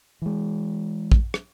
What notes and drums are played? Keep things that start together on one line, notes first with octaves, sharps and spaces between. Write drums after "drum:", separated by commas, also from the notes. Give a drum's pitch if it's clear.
E3 G#3
drum: kick
drum: rim click